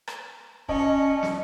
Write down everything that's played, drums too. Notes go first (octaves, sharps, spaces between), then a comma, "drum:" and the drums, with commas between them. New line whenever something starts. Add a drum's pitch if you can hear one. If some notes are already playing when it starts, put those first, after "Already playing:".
drum: rim click
C#4 D5 D#5 A5, drum: kick
drum: snare